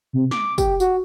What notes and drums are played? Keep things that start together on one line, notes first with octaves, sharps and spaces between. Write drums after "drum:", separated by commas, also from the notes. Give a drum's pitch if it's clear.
C3
D6, drum: snare
G4, drum: kick, tambourine
F#4, drum: tambourine